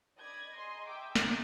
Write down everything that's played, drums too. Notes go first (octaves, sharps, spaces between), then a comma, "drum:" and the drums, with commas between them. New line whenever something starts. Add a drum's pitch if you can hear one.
D5 D#5 B5 G#6 A#6
G#4 D#5 A#5 C6
E5 G5 G#5 A#5 D6 E6
drum: snare